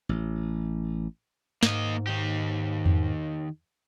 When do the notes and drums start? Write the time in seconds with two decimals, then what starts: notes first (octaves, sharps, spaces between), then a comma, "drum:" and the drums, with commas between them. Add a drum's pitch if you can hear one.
0.09 A1
1.63 G#2 A#3 D#5, drum: snare
2.07 D#3 G4
2.86 drum: tom E2